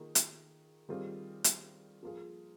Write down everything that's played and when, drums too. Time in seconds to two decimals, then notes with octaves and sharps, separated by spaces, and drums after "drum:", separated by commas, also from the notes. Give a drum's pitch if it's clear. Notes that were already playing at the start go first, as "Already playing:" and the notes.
Already playing: D#3 A#3 F4 G#4
0.15 drum: hi-hat
0.89 D#3 G3 C4 F4 G#4
1.44 drum: hi-hat
2.03 F3 A#3 F4 G#4